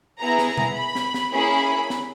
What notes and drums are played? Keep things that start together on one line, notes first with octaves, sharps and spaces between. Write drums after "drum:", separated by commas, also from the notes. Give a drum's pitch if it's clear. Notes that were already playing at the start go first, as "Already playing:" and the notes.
B3 E4 G#4 A#5
drum: snare
A#5
drum: tom B2
B5
drum: snare
drum: snare
A#3 C#4 E4 G#4 B5
drum: snare